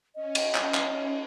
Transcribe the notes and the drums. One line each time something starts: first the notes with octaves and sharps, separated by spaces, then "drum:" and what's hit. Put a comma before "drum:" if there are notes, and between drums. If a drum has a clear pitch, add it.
C#4 D#5
drum: cymbal
drum: clap
drum: clap